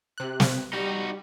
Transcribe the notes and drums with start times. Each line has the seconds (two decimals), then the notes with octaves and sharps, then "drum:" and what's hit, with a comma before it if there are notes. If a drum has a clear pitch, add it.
0.18 C3 F#6
0.40 drum: snare
0.73 G3 D#4 F#4